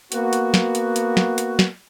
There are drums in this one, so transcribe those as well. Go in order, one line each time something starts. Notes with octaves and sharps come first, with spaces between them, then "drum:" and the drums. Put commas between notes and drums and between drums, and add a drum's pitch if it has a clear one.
A#3 B3 F#4, drum: hi-hat
drum: hi-hat
drum: snare
drum: hi-hat
drum: hi-hat
drum: snare
drum: hi-hat
drum: snare